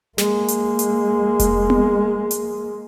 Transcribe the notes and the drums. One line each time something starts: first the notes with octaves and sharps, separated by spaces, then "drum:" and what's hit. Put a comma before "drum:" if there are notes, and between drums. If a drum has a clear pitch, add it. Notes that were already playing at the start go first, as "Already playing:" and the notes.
G#3 A#3, drum: snare
drum: hi-hat
drum: hi-hat
drum: kick F1, hi-hat
drum: tom B3
drum: hi-hat